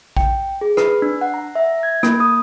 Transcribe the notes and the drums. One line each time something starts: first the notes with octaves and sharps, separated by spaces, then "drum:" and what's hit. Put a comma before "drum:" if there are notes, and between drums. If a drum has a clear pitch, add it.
G5, drum: kick A#1
G#4
B4, drum: rim click
D4
F#5
A#5
E5
G#6
A#3, drum: rim click
D#6